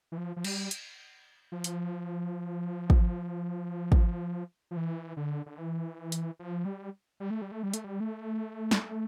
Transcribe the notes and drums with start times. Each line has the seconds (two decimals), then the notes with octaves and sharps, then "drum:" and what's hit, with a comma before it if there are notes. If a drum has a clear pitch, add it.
0.12 E3
0.18 F3
0.36 F3
0.44 G3, drum: cymbal
0.71 drum: hi-hat
1.52 F3
1.64 drum: hi-hat
2.90 drum: kick
3.92 drum: kick
4.71 F3
4.77 E3
5.17 D3
5.46 D3
5.58 E3
6.12 drum: hi-hat
6.39 F3
6.65 G3
7.20 G3
7.30 A3
7.42 G3
7.52 A3
7.63 G3
7.74 A3, drum: hi-hat
7.84 G3
8.00 A3
8.71 drum: snare